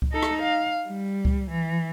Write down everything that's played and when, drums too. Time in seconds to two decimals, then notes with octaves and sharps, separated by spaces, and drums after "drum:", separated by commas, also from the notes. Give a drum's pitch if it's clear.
0.02 drum: kick C#2
0.12 D#4 A4
0.23 drum: rim click
0.43 F5
0.88 G3
1.25 drum: kick C#2
1.51 E3